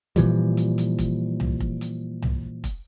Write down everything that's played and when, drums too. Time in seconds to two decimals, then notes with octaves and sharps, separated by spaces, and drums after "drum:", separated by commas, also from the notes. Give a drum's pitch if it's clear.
0.16 A#2 E3 F3 G3, drum: kick F1, hi-hat
0.57 drum: hi-hat
0.78 drum: hi-hat
0.99 drum: kick F1, hi-hat
1.40 drum: tom C2
1.60 drum: kick F1
1.81 drum: hi-hat
2.22 drum: tom C2
2.64 drum: kick F1, hi-hat